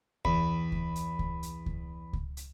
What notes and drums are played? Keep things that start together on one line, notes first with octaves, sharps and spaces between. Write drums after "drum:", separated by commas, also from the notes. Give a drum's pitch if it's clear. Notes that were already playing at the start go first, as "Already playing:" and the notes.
E2 B5, drum: kick C#2
drum: kick C#2
drum: hi-hat
drum: kick C#2
drum: hi-hat
drum: kick C#2
drum: kick C#2
drum: hi-hat